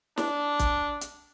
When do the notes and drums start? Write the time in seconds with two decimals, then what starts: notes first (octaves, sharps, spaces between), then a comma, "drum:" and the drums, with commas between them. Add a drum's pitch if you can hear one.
0.17 D4, drum: snare
0.59 drum: kick, hi-hat
1.01 drum: hi-hat